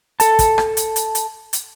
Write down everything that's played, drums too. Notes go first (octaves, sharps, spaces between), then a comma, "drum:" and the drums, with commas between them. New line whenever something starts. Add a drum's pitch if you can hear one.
A4 A5, drum: hi-hat
drum: kick, hi-hat
drum: rim click
drum: hi-hat
drum: hi-hat
drum: hi-hat
drum: hi-hat